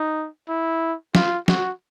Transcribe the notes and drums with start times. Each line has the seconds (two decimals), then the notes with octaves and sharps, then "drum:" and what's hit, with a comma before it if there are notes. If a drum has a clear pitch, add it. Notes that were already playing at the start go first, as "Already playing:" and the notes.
Already playing: D#4
0.49 E4
1.15 F4, drum: snare
1.48 F#4, drum: snare